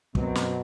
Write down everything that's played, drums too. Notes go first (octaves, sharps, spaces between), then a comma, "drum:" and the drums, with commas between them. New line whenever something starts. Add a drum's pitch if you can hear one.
F#2 B2 F#3 C4, drum: kick
drum: snare